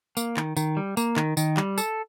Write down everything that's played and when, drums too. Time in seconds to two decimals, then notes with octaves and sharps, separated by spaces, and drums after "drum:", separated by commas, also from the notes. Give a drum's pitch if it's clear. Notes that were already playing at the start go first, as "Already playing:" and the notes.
0.17 A#3, drum: tambourine
0.37 D#3, drum: clap
0.57 D#3, drum: tambourine
0.77 G3
0.97 A#3, drum: tambourine
1.16 D#3, drum: clap
1.37 D#3, drum: tambourine
1.57 G3, drum: clap
1.78 A4, drum: tambourine